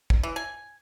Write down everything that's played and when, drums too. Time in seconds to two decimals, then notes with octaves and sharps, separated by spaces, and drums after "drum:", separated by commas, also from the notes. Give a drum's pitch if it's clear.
0.10 drum: kick
0.23 E3
0.36 G#5